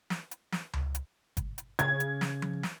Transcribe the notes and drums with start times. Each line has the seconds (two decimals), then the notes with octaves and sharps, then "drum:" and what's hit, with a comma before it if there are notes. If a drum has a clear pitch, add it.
0.10 drum: snare
0.31 drum: hi-hat
0.52 drum: snare
0.73 drum: tom C#2
0.95 drum: hi-hat
1.37 drum: kick G1, hi-hat
1.58 drum: hi-hat
1.79 C#3 G#6, drum: hi-hat
2.00 drum: hi-hat
2.21 drum: snare
2.42 drum: tom F3
2.63 drum: snare